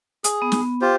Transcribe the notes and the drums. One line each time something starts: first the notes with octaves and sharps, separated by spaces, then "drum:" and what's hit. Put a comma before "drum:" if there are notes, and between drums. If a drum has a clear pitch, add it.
G#4, drum: hi-hat
B3
drum: snare
F4 G4 C5